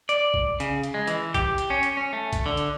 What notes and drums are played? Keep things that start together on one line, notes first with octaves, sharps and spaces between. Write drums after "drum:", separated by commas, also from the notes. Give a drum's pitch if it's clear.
D5, drum: hi-hat
drum: kick
C#3, drum: hi-hat
drum: hi-hat
G#3
E3, drum: hi-hat
G4, drum: kick, hi-hat
drum: hi-hat
C#4
drum: hi-hat
C#4
A3
drum: kick, hi-hat
D3
drum: hi-hat